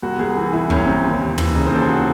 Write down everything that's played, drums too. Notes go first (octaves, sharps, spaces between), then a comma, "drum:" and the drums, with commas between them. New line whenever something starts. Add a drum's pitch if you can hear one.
C2 F#4
C2 G#4
E3
C3 E4
C2 C#4, drum: kick
C2 C4
D#2
D#2
E3, drum: tom
C#3 D#4
C5
D#2 A4
G#4
F#4